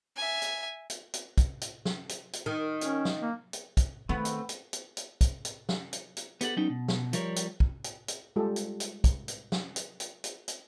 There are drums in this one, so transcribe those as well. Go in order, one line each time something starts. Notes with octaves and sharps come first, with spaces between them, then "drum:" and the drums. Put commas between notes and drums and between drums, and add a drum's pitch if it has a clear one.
E5 G#5
drum: hi-hat
drum: hi-hat
drum: hi-hat
drum: kick, hi-hat
drum: hi-hat
drum: snare
drum: hi-hat
drum: hi-hat
D#3
C#4, drum: hi-hat
drum: snare
A#3
drum: hi-hat
drum: kick, hi-hat
D#3 A3 B3 C4
drum: hi-hat
drum: hi-hat
drum: hi-hat
drum: hi-hat
drum: kick, hi-hat
drum: hi-hat
drum: snare
drum: hi-hat
drum: hi-hat
B3 G4 A4 F#5, drum: hi-hat
F#3 G3 B3 C#4 D#4 G5
B2
drum: snare
F3 G3 A#4 C#5, drum: hi-hat
drum: hi-hat
drum: kick
drum: hi-hat
drum: hi-hat
G3 G#3 F4 G4 A4
drum: hi-hat
drum: hi-hat
drum: kick, hi-hat
drum: hi-hat
drum: snare
drum: hi-hat
drum: hi-hat
drum: hi-hat
drum: hi-hat